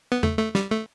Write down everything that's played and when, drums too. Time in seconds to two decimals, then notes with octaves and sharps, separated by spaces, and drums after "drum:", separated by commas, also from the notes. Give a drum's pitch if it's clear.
0.12 B3
0.23 A3, drum: tom E2
0.39 A3
0.55 G3, drum: snare
0.71 A3